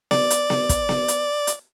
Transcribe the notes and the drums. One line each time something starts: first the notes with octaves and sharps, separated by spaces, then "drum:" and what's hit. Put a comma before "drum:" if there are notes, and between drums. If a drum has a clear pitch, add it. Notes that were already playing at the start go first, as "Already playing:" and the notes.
D5, drum: snare B3
drum: hi-hat
drum: snare B3
drum: kick, hi-hat
drum: snare B3
drum: hi-hat
drum: hi-hat